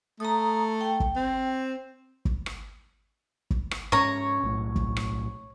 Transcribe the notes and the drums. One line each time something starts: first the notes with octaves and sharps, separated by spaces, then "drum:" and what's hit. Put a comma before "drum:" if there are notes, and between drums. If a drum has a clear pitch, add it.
A3 A#5 D#6
G5
drum: kick
C4
drum: kick
drum: rim click
drum: kick
drum: rim click
G#2 C#4 C#5 A#5
B1 A2
drum: kick
drum: rim click